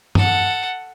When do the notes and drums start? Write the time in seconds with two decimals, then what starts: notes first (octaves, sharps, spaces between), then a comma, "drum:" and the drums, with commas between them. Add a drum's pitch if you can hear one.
0.15 A4 F#5, drum: tom G2